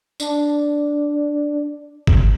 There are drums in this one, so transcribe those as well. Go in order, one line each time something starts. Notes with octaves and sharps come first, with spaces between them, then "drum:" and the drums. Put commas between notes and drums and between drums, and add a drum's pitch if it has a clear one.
D4, drum: tambourine
drum: kick